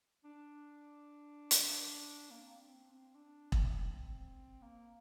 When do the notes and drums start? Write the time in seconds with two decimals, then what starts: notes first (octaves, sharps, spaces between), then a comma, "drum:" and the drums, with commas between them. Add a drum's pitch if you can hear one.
0.24 D4
1.51 drum: hi-hat
2.30 A#3
2.42 C4
2.67 C4
2.91 C4
3.15 D4
3.52 C4, drum: kick E1
4.62 A#3